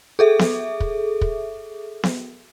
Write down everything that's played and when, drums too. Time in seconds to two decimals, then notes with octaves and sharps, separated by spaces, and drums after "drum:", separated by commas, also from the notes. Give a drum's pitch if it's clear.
0.19 G#4 A4 E5
0.39 drum: snare B3
0.80 drum: kick
1.21 drum: kick
2.03 drum: snare B3